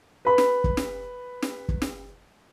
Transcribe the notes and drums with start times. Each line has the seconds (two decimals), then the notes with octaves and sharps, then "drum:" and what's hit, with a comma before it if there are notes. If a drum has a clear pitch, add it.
0.25 B4 B5
0.38 drum: snare
0.64 drum: kick
0.77 drum: snare
1.42 drum: snare
1.69 drum: kick
1.82 drum: snare